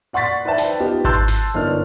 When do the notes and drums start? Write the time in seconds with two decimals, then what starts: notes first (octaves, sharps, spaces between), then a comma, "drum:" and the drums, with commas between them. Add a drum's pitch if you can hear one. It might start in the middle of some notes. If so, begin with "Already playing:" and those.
0.13 D5 F#5 C6 C#6 A6 B6
0.45 B4 C5 D5 E5 G5 A5
0.58 drum: snare
0.80 B3 D#4 F4 G4
1.04 A5 C6 E6 F#6 G6 A6, drum: kick G#1
1.28 drum: snare
1.54 G1 G2 A#3 D#4 D5 F6